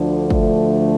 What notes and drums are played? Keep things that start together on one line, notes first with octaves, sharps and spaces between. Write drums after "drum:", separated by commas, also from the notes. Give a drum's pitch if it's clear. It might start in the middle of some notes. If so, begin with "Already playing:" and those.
Already playing: D2 D3 F3
A3, drum: kick